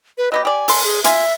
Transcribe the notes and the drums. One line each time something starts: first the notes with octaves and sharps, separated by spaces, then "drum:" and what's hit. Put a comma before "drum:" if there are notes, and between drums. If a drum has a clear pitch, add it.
B4
F#3 B3 G4 D#5
G4 D5 G#5
A4 C6, drum: open hi-hat
G#4
F4 E5 G#5 C6, drum: hi-hat